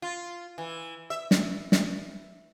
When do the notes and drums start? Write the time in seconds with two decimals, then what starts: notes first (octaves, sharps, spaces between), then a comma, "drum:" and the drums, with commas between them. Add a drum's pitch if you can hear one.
0.02 F4
0.58 E3
1.10 E5
1.31 drum: snare
1.72 drum: snare